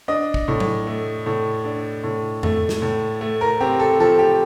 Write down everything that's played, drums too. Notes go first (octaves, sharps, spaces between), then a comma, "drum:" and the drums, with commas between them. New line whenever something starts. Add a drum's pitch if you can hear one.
D4 D#5
drum: kick
A2
drum: tom F#3
A3
A2
D4
A2
A3, drum: tom F2
drum: snare
A2
A3
A#4
C4 G4
A4
F3 A4
G4